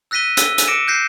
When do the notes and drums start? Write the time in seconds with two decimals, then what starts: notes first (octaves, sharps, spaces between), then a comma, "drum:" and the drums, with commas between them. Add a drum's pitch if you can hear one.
0.11 E6 F#6 A#6 B6 D#7 G7
0.37 E6 G7, drum: hi-hat
0.58 drum: hi-hat
0.68 D6 A#6 C#7 D7 E7
0.88 F#6 G6 A#6 C7